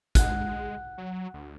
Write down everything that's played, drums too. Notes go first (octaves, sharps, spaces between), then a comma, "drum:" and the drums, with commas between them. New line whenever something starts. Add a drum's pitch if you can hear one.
G#3 F#5 F#6, drum: kick, hi-hat
F#3
D2